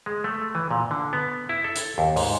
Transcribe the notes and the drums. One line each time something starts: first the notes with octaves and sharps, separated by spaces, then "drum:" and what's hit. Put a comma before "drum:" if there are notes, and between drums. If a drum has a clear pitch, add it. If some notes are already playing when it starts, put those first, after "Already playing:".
G#3
A3
E3
A#2
D3
B3
E4
A4
drum: hi-hat
D#2
G#2, drum: open hi-hat